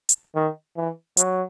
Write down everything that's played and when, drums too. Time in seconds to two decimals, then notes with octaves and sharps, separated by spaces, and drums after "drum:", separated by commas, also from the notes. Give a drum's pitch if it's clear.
0.09 drum: hi-hat
0.35 D#3
0.76 E3
1.17 F#3, drum: hi-hat